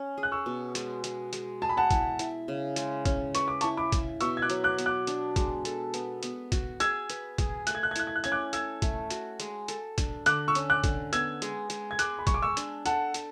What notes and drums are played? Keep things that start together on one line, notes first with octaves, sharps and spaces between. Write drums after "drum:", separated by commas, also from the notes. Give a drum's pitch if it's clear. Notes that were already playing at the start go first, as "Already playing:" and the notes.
Already playing: C#4
G#4
F#6
C#6 E6
B2
G#3, drum: hi-hat
G#3, drum: hi-hat
G#3, drum: hi-hat
G#4 A5
B5
F#5 A5
E4, drum: kick, hi-hat
E4, drum: hi-hat
C#3
G#3, drum: hi-hat
C#4, drum: kick, hi-hat
B4 C#6, drum: hi-hat
D6
E4 A5 C#6, drum: hi-hat
B5 D6
E4, drum: kick, hi-hat
B2 C#6 E6, drum: hi-hat
G#6
D6 F#6
F#3, drum: hi-hat
D6 F#6
B3, drum: hi-hat
D6 F#6
D4, drum: hi-hat
G#3, drum: kick, hi-hat
A4, drum: hi-hat
B3, drum: hi-hat
B3, drum: hi-hat
F#4, drum: kick, hi-hat
G#4 E6 G#6, drum: hi-hat
B4, drum: hi-hat
G#4, drum: kick, hi-hat
A3 F#6, drum: hi-hat
G#6
F#6
G#6
E4 F#6, drum: hi-hat
G#6
F#6
C#4 G#6, drum: hi-hat
D6 F#6
A4 E6 G#6, drum: hi-hat
A3, drum: kick, hi-hat
F#4, drum: hi-hat
G#3, drum: hi-hat
A4, drum: hi-hat
D4, drum: kick, hi-hat
D3 D6 F#6, drum: hi-hat
C#6 E6
C#4, drum: hi-hat
D6 F#6
D3, drum: kick, hi-hat
B3 E6 G#6, drum: hi-hat
G#3, drum: hi-hat
G#3, drum: hi-hat
G#6
G#3 D6 F#6, drum: hi-hat
B5
G#3 C#6, drum: kick, hi-hat
D6
C#6 E6
D4, drum: hi-hat
A4 F#5 A5, drum: hi-hat
A4, drum: hi-hat